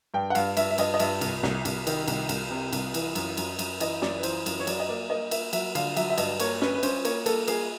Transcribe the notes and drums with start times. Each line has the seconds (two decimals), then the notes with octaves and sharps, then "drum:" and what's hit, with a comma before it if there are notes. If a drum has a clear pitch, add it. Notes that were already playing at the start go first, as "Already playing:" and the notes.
0.14 G2 G5
0.30 F#5
0.35 G2 F5, drum: cymbal
0.57 G2 E5, drum: cymbal
0.71 E5
0.78 G2 D#5, drum: cymbal
0.94 D#5
1.00 G2 E5, drum: cymbal
1.21 C2, drum: cymbal
1.43 C2, drum: snare
1.65 C2, drum: cymbal
1.87 D#3, drum: cymbal
2.08 C2, drum: cymbal
2.29 C2, drum: cymbal
2.51 C3
2.73 C2, drum: cymbal
2.94 E3, drum: cymbal
3.15 F#2, drum: cymbal
3.37 F#2, drum: cymbal
3.59 F#2, drum: cymbal
3.80 E3 D#5, drum: cymbal
4.02 F#2 D5, drum: snare
4.18 B4
4.23 E3 C5, drum: cymbal
4.46 F#2, drum: cymbal
4.60 C#5
4.67 F#3 D5, drum: cymbal
4.80 D#5
4.89 A#3 D5
5.10 A#3 D#5
5.31 A#3 E5, drum: cymbal
5.53 F#3 E5, drum: cymbal
5.75 D3 F5, drum: cymbal
5.96 F#3 E5, drum: cymbal
6.10 E5
6.18 G2 D#5, drum: cymbal
6.40 A#3 C#5, drum: cymbal
6.61 C#4 B4, drum: snare
6.75 B4
6.83 C#4 C5, drum: cymbal
7.05 A#3 C#5, drum: cymbal
7.26 A#3 A4, drum: cymbal
7.48 A#3 G#4, drum: cymbal